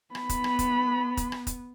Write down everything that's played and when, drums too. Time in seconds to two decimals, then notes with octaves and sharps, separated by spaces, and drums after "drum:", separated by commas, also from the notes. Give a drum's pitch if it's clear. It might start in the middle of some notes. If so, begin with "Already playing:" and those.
0.15 B3 B5, drum: rim click
0.29 drum: kick, hi-hat
0.44 drum: rim click
0.59 drum: kick, hi-hat
1.17 drum: kick, hi-hat
1.32 drum: rim click
1.47 drum: kick, hi-hat